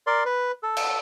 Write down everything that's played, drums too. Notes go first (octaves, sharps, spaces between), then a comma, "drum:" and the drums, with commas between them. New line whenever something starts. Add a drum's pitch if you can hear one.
A#4 D5 C6
B4
A4
drum: cymbal